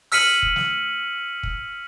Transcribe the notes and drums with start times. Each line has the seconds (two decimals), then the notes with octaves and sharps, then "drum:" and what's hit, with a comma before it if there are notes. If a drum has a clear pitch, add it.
0.12 E6 F6 B6 C#7 D#7 F#7, drum: open hi-hat
0.43 drum: kick
0.56 drum: snare
1.43 drum: kick